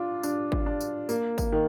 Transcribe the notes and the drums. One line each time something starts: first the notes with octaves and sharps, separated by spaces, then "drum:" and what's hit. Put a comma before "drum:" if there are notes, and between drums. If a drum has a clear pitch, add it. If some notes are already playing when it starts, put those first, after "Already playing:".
Already playing: D4 F4
D4, drum: tambourine
drum: kick
D4
drum: tambourine
A#3, drum: tambourine
drum: kick, tambourine
D#3